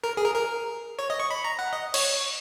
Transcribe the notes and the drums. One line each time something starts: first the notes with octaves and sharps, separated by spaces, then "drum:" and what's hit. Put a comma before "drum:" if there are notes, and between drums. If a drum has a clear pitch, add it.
A#4
G#4
A#4
A#4
C#5
D#5
C#6
B5
A#5
F#5
D#5
C#5, drum: cymbal